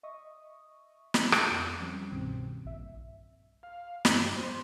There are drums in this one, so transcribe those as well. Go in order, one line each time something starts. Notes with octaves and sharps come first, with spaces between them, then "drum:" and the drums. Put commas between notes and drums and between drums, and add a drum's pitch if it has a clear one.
D#5 E5 C#6 D#6
drum: snare
drum: rim click
F2 C7
F3 G3 C4 C#4 G4
C2 G2 B2 D#3 C4
A#1 G2 E5
F5
G2, drum: snare
C5